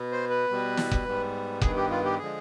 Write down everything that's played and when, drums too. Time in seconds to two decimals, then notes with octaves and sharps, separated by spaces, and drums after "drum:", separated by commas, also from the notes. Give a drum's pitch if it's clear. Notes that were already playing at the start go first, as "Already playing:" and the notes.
Already playing: B2 B3
0.12 C5
0.30 B4
0.49 B2 G3 B3
0.77 drum: snare
0.91 drum: kick F1
1.05 G#2 G3 B3
1.61 G2 D#3 B3 G#4, drum: kick F1
1.76 G4
1.90 F4
2.05 G4
2.19 D3 F3 G#3 G#4